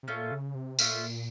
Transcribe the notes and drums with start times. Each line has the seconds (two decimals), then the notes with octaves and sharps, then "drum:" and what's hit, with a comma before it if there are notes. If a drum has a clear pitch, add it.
0.03 C3
0.08 A#2 A3 C#4 F4
0.32 C#3
0.55 C3
0.79 A#2 A3 C#4 F4, drum: tambourine